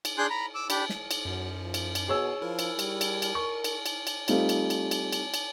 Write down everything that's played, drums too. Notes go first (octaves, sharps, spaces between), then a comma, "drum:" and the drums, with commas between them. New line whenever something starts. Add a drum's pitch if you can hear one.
drum: cymbal
D4 G#4 G#5 C6 F#6 G6
A#5 B5
D6 E6
D4 G4 B5, drum: cymbal
drum: snare
drum: cymbal
F#2 F#3
F3
drum: cymbal
drum: cymbal
B2 G#4 C#5 E6
F3 E4 A#4
drum: cymbal
G3, drum: cymbal
drum: cymbal
drum: cymbal
A#4 C#6
drum: cymbal
drum: cymbal
drum: cymbal
G3 A3 C4 D#4 F4, drum: cymbal
drum: cymbal
drum: cymbal
drum: cymbal
drum: cymbal
drum: cymbal